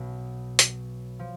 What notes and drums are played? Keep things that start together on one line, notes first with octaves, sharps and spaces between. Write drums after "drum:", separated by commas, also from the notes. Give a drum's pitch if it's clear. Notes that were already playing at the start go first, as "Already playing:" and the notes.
Already playing: B1 B2 F#3 B3
drum: hi-hat
F3